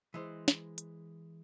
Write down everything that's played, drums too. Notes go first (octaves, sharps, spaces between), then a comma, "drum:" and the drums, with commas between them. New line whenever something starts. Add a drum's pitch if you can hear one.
E3 G#3 C5
drum: snare
drum: hi-hat